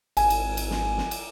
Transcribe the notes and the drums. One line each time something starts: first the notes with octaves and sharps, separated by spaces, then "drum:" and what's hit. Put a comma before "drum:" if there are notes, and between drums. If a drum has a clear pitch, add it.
G#1 G#5, drum: cymbal
drum: cymbal
drum: cymbal
drum: snare
drum: snare
drum: cymbal